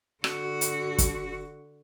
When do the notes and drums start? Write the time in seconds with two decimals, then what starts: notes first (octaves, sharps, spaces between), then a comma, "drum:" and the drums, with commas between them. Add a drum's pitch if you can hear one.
0.24 D3 F#4, drum: rim click
0.61 drum: hi-hat
0.98 drum: kick F#1, hi-hat